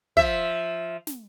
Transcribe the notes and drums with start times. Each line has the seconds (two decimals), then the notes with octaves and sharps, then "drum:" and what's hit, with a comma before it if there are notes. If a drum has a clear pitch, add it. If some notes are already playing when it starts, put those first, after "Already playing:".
0.17 F3 E5, drum: kick
1.07 drum: snare